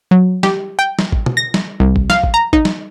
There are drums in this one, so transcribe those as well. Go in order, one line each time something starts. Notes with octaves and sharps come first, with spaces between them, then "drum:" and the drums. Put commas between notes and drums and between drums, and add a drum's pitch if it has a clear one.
F#3
G4, drum: snare
G5
drum: snare
drum: kick A1
drum: tom
A#6
drum: snare
C2
drum: kick A1
F5, drum: snare
drum: kick A1
A#5
D#4, drum: kick A1
drum: snare